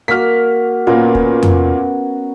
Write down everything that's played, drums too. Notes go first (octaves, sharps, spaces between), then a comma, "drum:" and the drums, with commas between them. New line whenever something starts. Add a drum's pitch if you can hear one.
A#3 F#4 F6 B6
A#2 A#3 B3 C#4 A#4
drum: kick
drum: tom F2